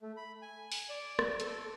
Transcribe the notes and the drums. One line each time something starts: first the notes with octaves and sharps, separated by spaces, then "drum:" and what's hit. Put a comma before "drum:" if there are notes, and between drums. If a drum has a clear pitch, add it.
A3
B5
G#5
drum: open hi-hat
D5
drum: rim click
A4, drum: hi-hat